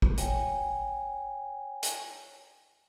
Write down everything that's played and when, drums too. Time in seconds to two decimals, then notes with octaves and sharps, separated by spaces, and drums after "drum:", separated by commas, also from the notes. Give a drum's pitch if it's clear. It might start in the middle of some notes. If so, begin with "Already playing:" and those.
0.02 drum: kick
0.18 C#5 G5 G#5, drum: hi-hat
1.83 drum: hi-hat